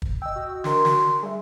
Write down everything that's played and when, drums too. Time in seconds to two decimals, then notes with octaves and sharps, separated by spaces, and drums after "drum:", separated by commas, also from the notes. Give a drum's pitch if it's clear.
0.02 drum: kick
0.22 D#5 G5 E6
0.36 F#4
0.64 D4 A#4 C6, drum: snare
0.85 drum: snare
1.23 G3 G#4 E5